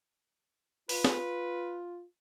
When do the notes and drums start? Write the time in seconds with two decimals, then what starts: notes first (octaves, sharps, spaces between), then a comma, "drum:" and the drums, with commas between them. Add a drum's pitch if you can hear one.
0.89 F4 B4, drum: open hi-hat
1.05 drum: snare